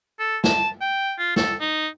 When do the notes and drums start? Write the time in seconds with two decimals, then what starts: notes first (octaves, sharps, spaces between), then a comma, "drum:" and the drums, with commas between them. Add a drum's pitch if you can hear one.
0.19 A4
0.44 A5, drum: snare
0.81 G5
1.18 F4
1.36 A4, drum: snare
1.60 D#4